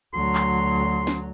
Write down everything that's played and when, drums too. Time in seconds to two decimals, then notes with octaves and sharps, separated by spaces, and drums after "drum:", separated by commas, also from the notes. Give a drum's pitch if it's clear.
0.14 D2 F#3 C6
0.35 drum: clap
1.07 drum: snare C#4